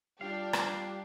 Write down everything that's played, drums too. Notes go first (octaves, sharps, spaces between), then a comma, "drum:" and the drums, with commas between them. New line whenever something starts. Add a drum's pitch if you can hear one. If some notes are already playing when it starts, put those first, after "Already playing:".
G3 D4 F4 G4 F5
drum: rim click